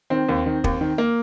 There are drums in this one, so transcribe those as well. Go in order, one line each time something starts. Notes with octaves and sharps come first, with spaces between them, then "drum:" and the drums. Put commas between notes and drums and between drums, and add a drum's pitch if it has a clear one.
D#3 C4
D#2
D#3
D#2, drum: kick
D#3
A#3